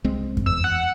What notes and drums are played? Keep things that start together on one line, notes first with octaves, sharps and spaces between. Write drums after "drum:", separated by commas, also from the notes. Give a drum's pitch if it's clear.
C2 G#3 C4
drum: kick F#2
E2 E6
F#5